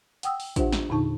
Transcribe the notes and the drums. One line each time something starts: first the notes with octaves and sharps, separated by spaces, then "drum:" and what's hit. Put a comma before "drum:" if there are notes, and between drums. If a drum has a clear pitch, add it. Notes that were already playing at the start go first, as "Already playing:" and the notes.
F#5 G5 D#6 E6, drum: hi-hat
drum: open hi-hat
D4 F4 G4 C5 E5 F#5, drum: kick, hi-hat
drum: snare
E2 A#2 D3 D#4 A5 C#6